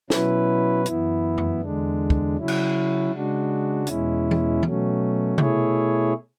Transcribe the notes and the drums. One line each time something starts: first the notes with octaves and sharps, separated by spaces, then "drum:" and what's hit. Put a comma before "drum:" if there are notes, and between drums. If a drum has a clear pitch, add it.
B2 F#3 C#4 E4 B4, drum: snare
F#2 E3 B3 E4, drum: hi-hat
drum: tom F2
E2 D3 G#3 D4
drum: kick
C#3 F#3 C#4 E4
drum: cymbal
C#3 G#3 D4 F#4
E2 B2 G#3 C#4 E4, drum: hi-hat
drum: tom E3
B2 F#3 A3 C#4, drum: tom E3
B2 A3 E4 G#4 C#5, drum: tom C3